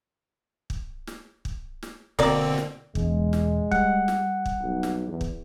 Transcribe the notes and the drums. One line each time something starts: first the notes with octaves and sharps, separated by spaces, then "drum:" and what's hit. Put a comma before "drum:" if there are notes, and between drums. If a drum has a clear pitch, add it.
drum: kick
drum: snare
drum: kick
drum: snare
B2 D3 A#3 C4 D5, drum: kick
drum: snare
E1 G#3, drum: kick
drum: snare
G3 F#5, drum: kick
drum: snare
drum: kick
B1
drum: snare
E2
drum: kick